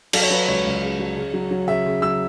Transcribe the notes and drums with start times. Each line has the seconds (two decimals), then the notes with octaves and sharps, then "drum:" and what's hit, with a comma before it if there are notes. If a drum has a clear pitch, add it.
0.13 F#3 A4, drum: cymbal
0.23 C#5
0.30 F#3 B4
0.48 C#2 C#5
0.65 C#2
0.83 C#3
0.99 F#3
1.17 C#3
1.33 F#3
1.51 F#3
1.68 C#3 E5
1.86 C#3
2.02 F#3 E6